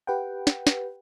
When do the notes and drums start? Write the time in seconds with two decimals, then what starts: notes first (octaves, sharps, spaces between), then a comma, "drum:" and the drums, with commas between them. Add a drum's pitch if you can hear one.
0.07 G4 B4 F#5 G5
0.47 drum: snare
0.67 drum: snare